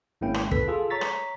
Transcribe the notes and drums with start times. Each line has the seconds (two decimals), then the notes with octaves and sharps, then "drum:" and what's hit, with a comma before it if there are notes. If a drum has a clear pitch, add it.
0.21 G#1 G#3 A#3 C#4 E4 G5
0.34 drum: rim click
0.51 A4 B4 B6, drum: kick
0.68 F4 G#4 A4
0.90 C#5 A#5 C#6 A6 B6
1.01 drum: rim click